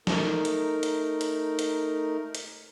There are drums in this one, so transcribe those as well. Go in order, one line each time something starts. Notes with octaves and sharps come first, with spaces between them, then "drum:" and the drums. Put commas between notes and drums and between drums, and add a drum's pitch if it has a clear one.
A3 D#4 A#4, drum: snare
drum: hi-hat
drum: hi-hat
drum: hi-hat
drum: hi-hat
drum: hi-hat